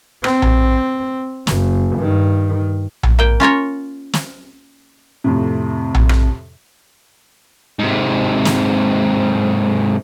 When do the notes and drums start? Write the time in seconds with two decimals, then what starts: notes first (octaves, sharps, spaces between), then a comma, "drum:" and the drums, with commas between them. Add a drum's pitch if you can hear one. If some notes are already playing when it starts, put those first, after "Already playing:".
0.24 C4, drum: rim click
0.42 drum: tom A#1
1.47 F#1, drum: snare
1.97 G2 D#3
3.03 drum: tom A#1
3.19 A#3 G5
3.40 C#4 F4 A#4 C#5
4.14 drum: snare
5.24 F2 A2 C3
5.95 drum: tom A#1
6.09 drum: rim click
7.79 G#2 C3
8.45 drum: snare